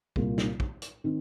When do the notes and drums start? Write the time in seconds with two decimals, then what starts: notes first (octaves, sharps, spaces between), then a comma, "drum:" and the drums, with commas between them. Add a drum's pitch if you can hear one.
0.16 C2 A#2 A#3 F4, drum: kick
0.38 drum: snare
0.60 drum: kick
0.82 drum: hi-hat
1.04 D#3 C4